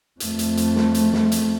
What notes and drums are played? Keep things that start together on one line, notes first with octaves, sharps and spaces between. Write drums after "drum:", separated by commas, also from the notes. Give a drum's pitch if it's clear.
F2 A3, drum: hi-hat
drum: hi-hat
drum: hi-hat
drum: snare
drum: hi-hat
drum: snare
drum: hi-hat